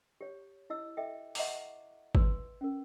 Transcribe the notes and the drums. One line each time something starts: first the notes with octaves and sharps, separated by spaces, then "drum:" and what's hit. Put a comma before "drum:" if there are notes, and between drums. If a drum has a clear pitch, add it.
G4 C#5
E4 D#5 E6
A4 D#5 E5 G5
D#5 E5 F#5 A#5 C#6 D6, drum: open hi-hat
B4 C6 E6, drum: kick G#1
C#4 A#4